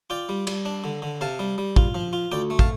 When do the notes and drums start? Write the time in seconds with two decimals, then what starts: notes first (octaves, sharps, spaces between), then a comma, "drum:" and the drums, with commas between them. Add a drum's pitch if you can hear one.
0.10 F4 D5 G5
0.29 G3
0.47 G3, drum: cymbal
0.65 D4
0.84 D3
1.02 D3
1.21 C3 F5 A5
1.39 G3
1.58 G3
1.76 F4, drum: kick
1.95 F3
2.13 F4
2.32 D2 D5 G5
2.50 A3
2.59 F5 A5, drum: kick